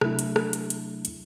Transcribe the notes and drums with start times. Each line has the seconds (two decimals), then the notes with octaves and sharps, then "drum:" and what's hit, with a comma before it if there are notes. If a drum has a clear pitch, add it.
0.01 C3 F#3 A3 D4 E4, drum: rim click
0.19 drum: hi-hat
0.36 drum: rim click
0.53 drum: hi-hat
0.70 drum: hi-hat
1.05 drum: hi-hat